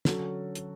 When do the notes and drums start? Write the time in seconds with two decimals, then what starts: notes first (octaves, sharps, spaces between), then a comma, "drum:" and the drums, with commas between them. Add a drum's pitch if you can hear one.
0.05 D3 F#3 C#4 F#4 A4, drum: snare
0.55 drum: hi-hat